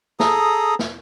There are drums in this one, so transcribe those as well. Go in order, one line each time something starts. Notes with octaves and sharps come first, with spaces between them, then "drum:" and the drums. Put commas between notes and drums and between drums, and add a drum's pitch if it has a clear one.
G#4 A4 A#5 D#6, drum: snare
drum: snare